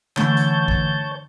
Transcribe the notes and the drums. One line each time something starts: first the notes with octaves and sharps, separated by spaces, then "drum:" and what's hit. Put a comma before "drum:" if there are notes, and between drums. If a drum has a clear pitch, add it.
D3 E3 A3 C#5 A5 G6, drum: clap
drum: hi-hat
drum: kick A1